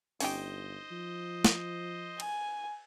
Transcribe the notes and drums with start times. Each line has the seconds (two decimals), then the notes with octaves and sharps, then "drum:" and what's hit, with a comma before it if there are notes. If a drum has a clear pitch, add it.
0.20 G1 C#4 D#4 G4 C5 D#5, drum: open hi-hat
0.91 F3
1.44 drum: snare
2.20 G#5, drum: cymbal